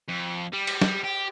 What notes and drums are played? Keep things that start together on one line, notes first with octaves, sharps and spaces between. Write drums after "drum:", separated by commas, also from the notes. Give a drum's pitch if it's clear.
F2
G3
drum: cymbal
drum: snare
G4